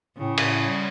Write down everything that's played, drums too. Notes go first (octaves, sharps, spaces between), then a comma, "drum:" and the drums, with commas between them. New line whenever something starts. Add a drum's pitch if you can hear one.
A2 C#3
A2, drum: cymbal
G3